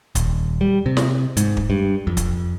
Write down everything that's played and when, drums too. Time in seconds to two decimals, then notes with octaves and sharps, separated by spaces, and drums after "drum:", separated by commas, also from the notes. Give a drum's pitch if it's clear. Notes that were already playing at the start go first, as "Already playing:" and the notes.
0.15 D#1, drum: kick, hi-hat
0.61 G3
0.86 C3
0.97 drum: snare
1.37 G#2, drum: hi-hat
1.57 drum: kick
1.70 G2
2.07 F2
2.17 drum: kick, hi-hat